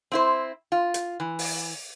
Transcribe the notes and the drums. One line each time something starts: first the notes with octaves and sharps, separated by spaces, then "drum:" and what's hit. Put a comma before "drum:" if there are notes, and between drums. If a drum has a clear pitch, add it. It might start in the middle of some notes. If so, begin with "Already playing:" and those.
C4 E4 C5
F4
drum: hi-hat
E3
drum: open hi-hat